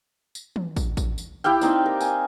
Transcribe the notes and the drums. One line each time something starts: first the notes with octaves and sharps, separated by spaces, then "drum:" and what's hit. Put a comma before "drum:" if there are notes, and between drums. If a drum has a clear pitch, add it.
drum: tambourine
drum: tom
drum: kick, tambourine
drum: kick, tambourine
drum: tambourine
E4 G4 F5 G5
C4 D#4 D5, drum: tambourine
A#4
G#5, drum: tambourine